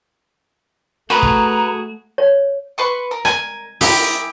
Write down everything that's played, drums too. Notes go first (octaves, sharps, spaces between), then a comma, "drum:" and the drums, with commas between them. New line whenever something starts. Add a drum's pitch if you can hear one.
A3 F#4 G#4 B4 A#5
drum: kick
C#5
B4 C6 C#6
A#4
G#5, drum: rim click
E4 G4 G#4 A#4, drum: open hi-hat